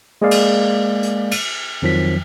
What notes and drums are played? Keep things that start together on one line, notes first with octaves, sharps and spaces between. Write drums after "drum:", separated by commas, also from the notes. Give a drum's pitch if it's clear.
G#3 A#3 G#4 A#4 D5 F5
drum: cymbal
drum: hi-hat
drum: cymbal
F2 D#3 F3 F#3 B6